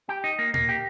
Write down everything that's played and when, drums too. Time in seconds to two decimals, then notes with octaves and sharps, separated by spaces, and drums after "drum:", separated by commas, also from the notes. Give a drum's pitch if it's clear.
0.09 G4
0.24 D#4
0.39 A#3
0.54 A#3, drum: tom A#2
0.69 G4